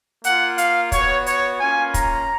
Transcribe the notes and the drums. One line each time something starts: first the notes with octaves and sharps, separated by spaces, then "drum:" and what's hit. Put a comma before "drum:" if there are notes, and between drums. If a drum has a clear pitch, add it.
A#3 F4 F#5, drum: hi-hat
F5, drum: hi-hat
B3 F#4 C#5, drum: kick, hi-hat
C#5, drum: hi-hat
A#3 C#4 F4 G#5
A#5, drum: kick, hi-hat